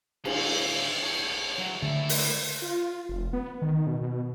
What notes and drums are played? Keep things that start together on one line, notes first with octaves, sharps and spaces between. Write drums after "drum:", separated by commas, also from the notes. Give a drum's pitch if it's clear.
D3 F5, drum: cymbal
A4 C#5
F#3
D3 A3 E4
drum: open hi-hat
F4
F1
B3
D#3
B2
B2